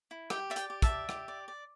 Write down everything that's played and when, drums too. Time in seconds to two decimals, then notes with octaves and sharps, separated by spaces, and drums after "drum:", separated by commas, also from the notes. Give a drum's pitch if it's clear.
0.11 E4
0.30 G4 G5, drum: rim click
0.50 D5 E5
0.56 G5, drum: hi-hat
0.70 G4
0.82 E5 A5, drum: kick, hi-hat
0.89 D5
1.09 G4, drum: rim click
1.28 D5
1.48 D5